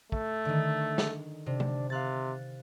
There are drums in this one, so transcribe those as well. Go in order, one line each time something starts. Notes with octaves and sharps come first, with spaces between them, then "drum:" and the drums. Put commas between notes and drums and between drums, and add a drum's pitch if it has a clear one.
A3, drum: kick
D3 D#3
drum: snare
C3 D4
drum: tom
C3 F5 F#6 A6